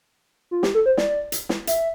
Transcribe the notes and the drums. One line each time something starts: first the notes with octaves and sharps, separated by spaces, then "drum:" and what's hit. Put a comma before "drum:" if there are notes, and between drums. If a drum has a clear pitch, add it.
F4
G4, drum: snare
A4
C5
D5, drum: snare
drum: hi-hat
drum: snare
E5, drum: hi-hat